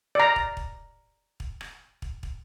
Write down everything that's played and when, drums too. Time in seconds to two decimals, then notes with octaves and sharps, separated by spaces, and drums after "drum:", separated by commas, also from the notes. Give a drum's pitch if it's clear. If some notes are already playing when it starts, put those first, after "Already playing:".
0.15 D5 A#5
0.36 drum: kick
0.57 drum: kick
1.40 drum: kick
1.61 drum: rim click
2.02 drum: kick
2.23 drum: kick